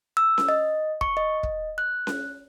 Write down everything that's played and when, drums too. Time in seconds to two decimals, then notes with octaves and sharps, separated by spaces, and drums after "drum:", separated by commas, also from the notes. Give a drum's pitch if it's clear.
0.17 E6
0.38 drum: snare C#4
0.49 D#5
1.01 C#6, drum: kick
1.17 D#5
1.43 drum: kick
1.78 F#6
2.07 drum: snare C#4